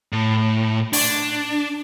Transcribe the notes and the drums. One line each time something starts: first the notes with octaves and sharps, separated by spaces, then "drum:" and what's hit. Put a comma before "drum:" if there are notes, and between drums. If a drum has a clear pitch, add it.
A2
D4, drum: open hi-hat